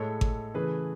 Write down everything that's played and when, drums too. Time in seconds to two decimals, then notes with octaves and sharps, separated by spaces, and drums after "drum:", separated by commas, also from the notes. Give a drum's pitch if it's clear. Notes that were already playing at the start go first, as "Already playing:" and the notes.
Already playing: A2 G#3 A4 C#5
0.21 drum: kick G#1
0.54 C#3 E3 A3 G#4 B4